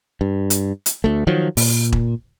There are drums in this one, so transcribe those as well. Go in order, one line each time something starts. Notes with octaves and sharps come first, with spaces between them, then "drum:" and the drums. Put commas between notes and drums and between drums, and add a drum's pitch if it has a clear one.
G2
drum: hi-hat
drum: hi-hat
D2 A3
D#3 F3 F#3
A#2, drum: open hi-hat
drum: kick E1